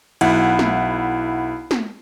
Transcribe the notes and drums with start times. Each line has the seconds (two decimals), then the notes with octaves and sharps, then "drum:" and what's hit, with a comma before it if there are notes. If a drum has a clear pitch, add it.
0.21 B1 E4 F#5, drum: cymbal
0.59 drum: snare
1.71 drum: snare